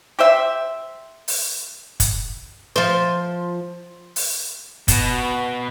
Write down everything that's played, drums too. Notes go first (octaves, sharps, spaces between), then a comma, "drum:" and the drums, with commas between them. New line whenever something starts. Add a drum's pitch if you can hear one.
G4 C5 E5
drum: open hi-hat
drum: kick, hi-hat
F3 C5
drum: open hi-hat
B2, drum: kick, hi-hat